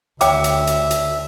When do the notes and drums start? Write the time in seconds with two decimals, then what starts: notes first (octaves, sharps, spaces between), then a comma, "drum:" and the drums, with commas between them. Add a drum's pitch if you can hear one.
0.21 D2 C#5 E5 G5 D6, drum: hi-hat
0.44 drum: hi-hat
0.67 drum: hi-hat
0.91 drum: hi-hat